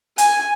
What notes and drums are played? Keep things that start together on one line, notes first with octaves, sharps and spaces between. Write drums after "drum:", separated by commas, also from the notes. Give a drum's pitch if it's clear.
G#5, drum: hi-hat